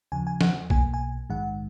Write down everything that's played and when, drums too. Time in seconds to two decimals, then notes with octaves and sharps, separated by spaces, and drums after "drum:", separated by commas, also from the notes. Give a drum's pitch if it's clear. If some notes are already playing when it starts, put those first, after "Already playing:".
0.12 D#2 C#3 F3 G#5
0.27 G#5
0.41 F#5, drum: snare
0.70 B1 B2 A#3 G#5, drum: kick A#1
0.94 G#5
1.30 A#1 G#2 D#3 G#3 F#5